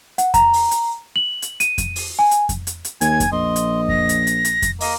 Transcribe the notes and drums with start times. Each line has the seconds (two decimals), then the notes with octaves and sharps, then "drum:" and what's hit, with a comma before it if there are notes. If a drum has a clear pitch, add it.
0.18 F#5, drum: hi-hat
0.34 A#5, drum: kick F2, hi-hat
0.53 drum: open hi-hat
0.71 drum: hi-hat
1.16 F#7
1.42 drum: hi-hat
1.60 D#7, drum: hi-hat
1.78 drum: kick F2, hi-hat
1.96 drum: open hi-hat
2.19 G#5
2.31 drum: hi-hat
2.49 drum: kick F2, hi-hat
2.67 drum: hi-hat
2.85 drum: hi-hat
3.01 D#2 G#5 G#6, drum: hi-hat
3.20 drum: kick F2, hi-hat
3.32 A#1 D#5 C6
3.56 drum: hi-hat
3.89 A#6, drum: kick F2
4.09 drum: hi-hat
4.27 drum: hi-hat
4.45 drum: hi-hat
4.62 drum: kick F2, hi-hat
4.81 A#3 D#5, drum: open hi-hat